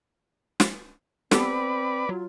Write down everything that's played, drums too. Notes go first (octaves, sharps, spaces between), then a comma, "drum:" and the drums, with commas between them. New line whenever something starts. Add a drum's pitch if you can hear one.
drum: snare
B3 C4 G4 A4 B4 D5, drum: snare
F#3 F4